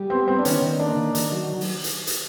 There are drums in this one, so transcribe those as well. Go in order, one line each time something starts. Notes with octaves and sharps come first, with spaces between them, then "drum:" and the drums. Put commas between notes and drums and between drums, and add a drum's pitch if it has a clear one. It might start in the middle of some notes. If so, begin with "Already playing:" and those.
Already playing: G3
B3 C4
B3 C4
D4
D#3 C#4, drum: hi-hat
D#3
A#3 D4
D#3
D#3, drum: hi-hat
F#3
drum: open hi-hat
drum: hi-hat
drum: hi-hat